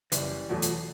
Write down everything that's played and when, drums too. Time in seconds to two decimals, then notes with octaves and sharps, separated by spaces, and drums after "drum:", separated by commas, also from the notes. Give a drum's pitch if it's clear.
0.12 F#1 E3 G3, drum: hi-hat
0.50 E2 B2 F#3 A3
0.62 drum: hi-hat